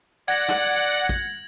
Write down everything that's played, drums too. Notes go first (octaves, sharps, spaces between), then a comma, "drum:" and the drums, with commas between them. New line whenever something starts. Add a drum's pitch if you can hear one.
D5 F#5 G#6 A#6 F#7
drum: snare
drum: kick